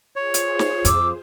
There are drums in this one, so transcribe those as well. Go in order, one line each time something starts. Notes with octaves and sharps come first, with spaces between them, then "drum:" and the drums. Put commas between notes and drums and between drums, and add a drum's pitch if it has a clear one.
F4 G#4 C5 C#5
drum: hi-hat
drum: snare
F2 D6 E6, drum: hi-hat